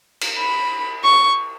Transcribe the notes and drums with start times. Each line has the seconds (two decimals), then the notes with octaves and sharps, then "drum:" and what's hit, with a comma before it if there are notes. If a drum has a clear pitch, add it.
0.21 drum: cymbal
0.38 B5
1.04 C#6